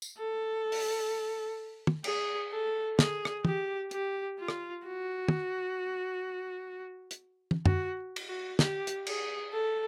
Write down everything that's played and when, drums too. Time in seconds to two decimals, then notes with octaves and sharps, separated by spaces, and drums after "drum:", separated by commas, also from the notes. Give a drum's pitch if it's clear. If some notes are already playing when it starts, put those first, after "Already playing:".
0.02 drum: tambourine
0.18 A4
0.72 drum: open hi-hat
1.87 drum: tom
2.04 G#4, drum: cymbal
2.52 A4
2.99 G#4, drum: snare
3.25 drum: rim click
3.45 G4, drum: tom
3.91 G4, drum: hi-hat
4.39 F4
4.48 drum: rim click
4.86 F#4
5.28 drum: tom
7.11 drum: hi-hat
7.51 drum: tom
7.66 F#4, drum: tom
8.16 drum: cymbal
8.28 F#4
8.59 G4, drum: snare
8.87 drum: hi-hat
9.06 G#4, drum: cymbal
9.52 A4